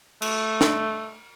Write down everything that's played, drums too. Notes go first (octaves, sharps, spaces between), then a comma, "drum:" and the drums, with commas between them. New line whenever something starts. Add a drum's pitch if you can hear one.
A3, drum: cymbal
drum: snare